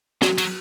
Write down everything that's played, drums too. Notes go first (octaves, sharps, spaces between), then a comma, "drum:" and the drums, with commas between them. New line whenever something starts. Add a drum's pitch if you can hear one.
F#3 F#4, drum: snare
F#3, drum: cymbal